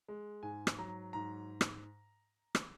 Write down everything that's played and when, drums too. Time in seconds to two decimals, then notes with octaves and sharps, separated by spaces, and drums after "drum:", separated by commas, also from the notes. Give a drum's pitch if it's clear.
0.08 G#3
0.43 G#2 G#5
0.67 drum: rim click
0.79 F#3 A#5
1.13 G#2 A#5
1.61 drum: rim click
2.55 drum: rim click